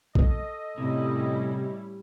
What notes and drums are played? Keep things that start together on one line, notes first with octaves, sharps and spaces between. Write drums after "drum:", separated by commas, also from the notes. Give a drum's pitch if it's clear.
A4 D#5, drum: kick A#1
A2 C3 G3 C#4 E4